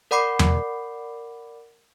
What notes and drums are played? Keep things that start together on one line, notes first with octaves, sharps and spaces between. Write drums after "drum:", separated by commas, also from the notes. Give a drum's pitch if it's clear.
A#4 D5 F#5 B5 D6 C7
drum: tom E2